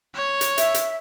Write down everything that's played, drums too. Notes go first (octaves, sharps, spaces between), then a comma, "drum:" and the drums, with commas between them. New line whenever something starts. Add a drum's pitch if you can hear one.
C#5
drum: hi-hat
E5, drum: hi-hat
drum: hi-hat